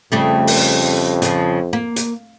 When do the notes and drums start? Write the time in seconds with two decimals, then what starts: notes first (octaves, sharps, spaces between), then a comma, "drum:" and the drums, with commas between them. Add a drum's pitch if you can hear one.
0.12 F2 C#3 G3 A3
0.47 drum: open hi-hat
1.22 C#3 F3, drum: hi-hat
1.73 A#3
1.96 drum: hi-hat